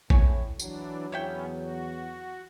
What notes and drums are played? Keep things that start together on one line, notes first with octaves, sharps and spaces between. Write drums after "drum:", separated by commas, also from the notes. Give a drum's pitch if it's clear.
A2 C#5 G#5, drum: kick
E3 F#3 D4, drum: tambourine
E2 B3 C#4 C#5 E5 G5
F#4